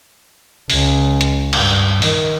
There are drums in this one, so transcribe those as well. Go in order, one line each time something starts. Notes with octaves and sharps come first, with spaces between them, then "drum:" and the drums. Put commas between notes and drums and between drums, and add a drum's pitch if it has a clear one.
C#2, drum: open hi-hat
drum: hi-hat
G2, drum: cymbal
D#3, drum: open hi-hat